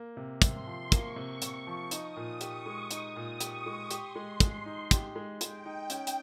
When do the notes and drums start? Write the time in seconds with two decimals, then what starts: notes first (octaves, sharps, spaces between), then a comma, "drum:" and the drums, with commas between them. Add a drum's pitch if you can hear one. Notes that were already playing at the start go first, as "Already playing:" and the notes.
Already playing: A#3
0.17 C3
0.42 C3 C6, drum: kick, hi-hat
0.67 F3
0.92 A#3 C#6, drum: kick, hi-hat
1.16 C3
1.42 C3, drum: hi-hat
1.67 F3
1.91 D#4 D#6, drum: hi-hat
2.16 A#2
2.41 G4 C#6, drum: hi-hat
2.66 G#3
2.91 D#4 D#6, drum: hi-hat
3.16 A#2
3.40 G4 C#6, drum: hi-hat
3.66 G#3
3.91 G4 C6, drum: hi-hat
4.16 G#3
4.40 G#3, drum: kick, hi-hat
4.66 D#4
4.91 G4, drum: kick, hi-hat
5.16 G#3
5.41 G#3 G5, drum: hi-hat
5.65 D#4
5.90 C#4, drum: hi-hat
6.07 drum: hi-hat